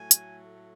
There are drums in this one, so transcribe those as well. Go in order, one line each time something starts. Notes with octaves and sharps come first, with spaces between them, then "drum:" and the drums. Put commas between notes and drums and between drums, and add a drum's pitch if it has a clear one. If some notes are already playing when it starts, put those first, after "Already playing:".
Already playing: A2 F#3 A3 G#5
drum: hi-hat